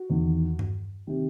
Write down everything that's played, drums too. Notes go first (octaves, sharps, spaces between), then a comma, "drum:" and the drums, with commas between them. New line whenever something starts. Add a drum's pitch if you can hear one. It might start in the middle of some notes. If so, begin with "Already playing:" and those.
Already playing: F#4
E2 D#3
drum: tom G2
C3 D#3 G4